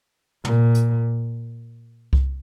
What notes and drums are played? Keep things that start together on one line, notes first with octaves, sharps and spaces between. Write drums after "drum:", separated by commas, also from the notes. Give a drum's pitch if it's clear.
A#2, drum: tom
drum: hi-hat
drum: kick C2